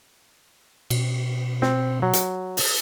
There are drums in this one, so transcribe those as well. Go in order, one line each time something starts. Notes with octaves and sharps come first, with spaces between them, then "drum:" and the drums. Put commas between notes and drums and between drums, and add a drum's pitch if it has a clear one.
B2, drum: cymbal
C4, drum: snare
F#3
drum: hi-hat
drum: open hi-hat